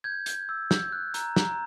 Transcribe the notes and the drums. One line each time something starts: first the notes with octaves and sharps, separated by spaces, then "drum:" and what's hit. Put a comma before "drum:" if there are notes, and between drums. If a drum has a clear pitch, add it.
G6 G#6
G6, drum: hi-hat
E6
G6, drum: snare
F#6
A#5, drum: hi-hat
A#5, drum: snare